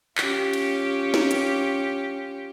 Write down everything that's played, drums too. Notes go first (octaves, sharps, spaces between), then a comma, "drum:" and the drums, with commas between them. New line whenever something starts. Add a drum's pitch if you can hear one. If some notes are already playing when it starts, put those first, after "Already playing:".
C#4 F4 G4, drum: clap
drum: cymbal
drum: snare
drum: hi-hat